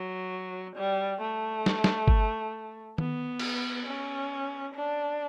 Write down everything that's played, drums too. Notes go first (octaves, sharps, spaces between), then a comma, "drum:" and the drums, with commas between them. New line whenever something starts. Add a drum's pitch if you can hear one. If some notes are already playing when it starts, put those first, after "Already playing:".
Already playing: F#3
G3
A3
drum: snare
drum: snare
drum: kick G1
B3, drum: tom D#3
drum: cymbal
C#4
D4